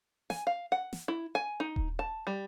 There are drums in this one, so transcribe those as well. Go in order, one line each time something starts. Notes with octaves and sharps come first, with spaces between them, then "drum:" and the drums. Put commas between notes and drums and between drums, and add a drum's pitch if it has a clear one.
G#5, drum: snare
F5
F#5
drum: snare
E4
G#5
D#4
drum: kick D#1
A5
G3